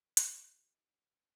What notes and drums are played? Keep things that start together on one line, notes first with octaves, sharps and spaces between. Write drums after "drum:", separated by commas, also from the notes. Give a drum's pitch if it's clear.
D#2 D#3 G#3 G#4, drum: hi-hat
G#4
G4
D#4
C#5
B4